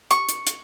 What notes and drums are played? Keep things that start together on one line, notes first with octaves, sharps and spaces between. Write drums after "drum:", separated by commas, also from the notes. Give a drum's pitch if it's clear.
C#6, drum: hi-hat
drum: hi-hat
drum: hi-hat